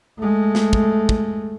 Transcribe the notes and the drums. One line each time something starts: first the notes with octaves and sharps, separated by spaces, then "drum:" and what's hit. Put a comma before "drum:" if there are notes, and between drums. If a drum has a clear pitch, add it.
G#3 A3
drum: snare
drum: kick
drum: kick